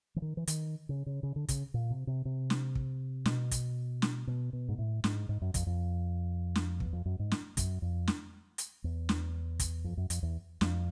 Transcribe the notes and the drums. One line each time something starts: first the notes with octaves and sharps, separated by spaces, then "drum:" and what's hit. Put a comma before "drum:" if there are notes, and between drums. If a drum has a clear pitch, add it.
E3
D#3
E3
D#3, drum: hi-hat
C#3
C#3
C#3
D3
C#3, drum: kick, hi-hat
A#2
C3
C3
C3
drum: snare
drum: kick
B2, drum: snare
drum: kick, hi-hat
drum: snare
B2
B2
G#2
A2
G#2, drum: snare
G#2
F#2
F2, drum: kick, hi-hat
F2
drum: snare
E2, drum: kick
F2
F#2
G#2
drum: snare
F#2, drum: kick, hi-hat
F2
drum: snare
drum: hi-hat
E2
drum: snare
drum: kick, hi-hat
F2
F#2
F2, drum: hi-hat
E2
F2, drum: snare